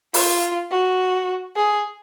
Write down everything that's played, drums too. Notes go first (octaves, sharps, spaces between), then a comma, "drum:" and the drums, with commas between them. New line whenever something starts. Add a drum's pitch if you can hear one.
F4, drum: open hi-hat
F#4
G#4